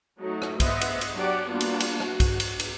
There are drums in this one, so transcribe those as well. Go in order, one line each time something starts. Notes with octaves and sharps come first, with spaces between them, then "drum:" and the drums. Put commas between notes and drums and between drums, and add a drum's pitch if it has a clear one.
F#3 A3 D#4 F#4
drum: rim click
B3 C5 D#5 E5 F#5, drum: kick B1, cymbal
drum: cymbal
drum: cymbal
F#3 D4 G4 D5 F#5
G3 A#3 B3 D4 F4 F#4
drum: cymbal
drum: cymbal
F#4, drum: rim click
drum: kick B1, cymbal
drum: cymbal
drum: cymbal